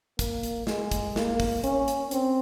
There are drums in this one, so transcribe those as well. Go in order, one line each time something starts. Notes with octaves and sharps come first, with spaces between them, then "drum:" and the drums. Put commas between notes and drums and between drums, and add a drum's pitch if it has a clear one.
A#3, drum: kick, hi-hat
drum: hi-hat
G#3, drum: snare
drum: kick, hi-hat
A#3, drum: snare
drum: kick, open hi-hat
C#4, drum: hi-hat
drum: hi-hat
C4, drum: hi-hat